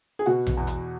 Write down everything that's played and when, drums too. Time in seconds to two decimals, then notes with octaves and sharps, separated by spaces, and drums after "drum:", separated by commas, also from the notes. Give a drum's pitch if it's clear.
0.19 G#4
0.26 B2 F#4
0.47 drum: tom A#1
0.57 E2
0.67 drum: hi-hat